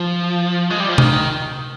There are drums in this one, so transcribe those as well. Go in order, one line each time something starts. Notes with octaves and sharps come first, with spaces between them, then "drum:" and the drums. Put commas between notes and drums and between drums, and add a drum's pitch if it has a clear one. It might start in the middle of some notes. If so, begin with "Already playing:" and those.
Already playing: F3
G#3
G3
F3
D#3, drum: tom C3